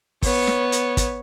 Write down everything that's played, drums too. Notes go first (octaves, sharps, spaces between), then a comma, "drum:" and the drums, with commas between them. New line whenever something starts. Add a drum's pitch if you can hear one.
B3 C#5, drum: kick, open hi-hat
drum: snare
drum: hi-hat
drum: kick, hi-hat